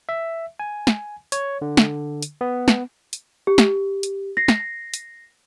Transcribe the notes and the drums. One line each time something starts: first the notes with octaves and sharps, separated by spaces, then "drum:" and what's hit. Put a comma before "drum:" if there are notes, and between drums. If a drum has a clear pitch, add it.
E5
G#5
drum: snare
C#5, drum: hi-hat
D3
drum: snare
drum: hi-hat
B3
drum: snare
drum: hi-hat
G4
drum: snare
drum: hi-hat
A#6 C7
drum: snare
drum: hi-hat